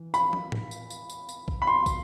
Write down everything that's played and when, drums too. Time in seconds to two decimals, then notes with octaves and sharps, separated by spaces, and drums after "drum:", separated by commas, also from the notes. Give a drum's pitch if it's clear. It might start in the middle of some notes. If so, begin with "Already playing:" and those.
Already playing: E3
0.14 B5, drum: tambourine
0.33 drum: tom
0.52 drum: tom A2
0.71 drum: tambourine
0.90 drum: tambourine
1.10 drum: tambourine
1.29 drum: tambourine
1.48 drum: kick
1.62 B5
1.67 C6
1.86 drum: kick, tambourine